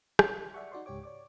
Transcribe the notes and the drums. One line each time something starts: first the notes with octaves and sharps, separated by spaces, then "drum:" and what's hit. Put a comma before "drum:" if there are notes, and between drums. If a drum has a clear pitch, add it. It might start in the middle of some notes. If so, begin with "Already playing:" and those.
G4 C#5, drum: rim click
G4
D5 E5 F#5 C#6
D#4 F#4 D5 C6
C#2 G#2 G4 C#5 D6
C#5 D5 D6